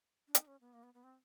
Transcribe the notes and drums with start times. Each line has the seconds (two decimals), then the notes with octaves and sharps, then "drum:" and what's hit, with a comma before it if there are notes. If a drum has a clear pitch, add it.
0.28 D4
0.35 D#4, drum: hi-hat
0.47 C#4
0.61 B3
0.74 A#3
0.83 B3
0.94 B3
1.04 C4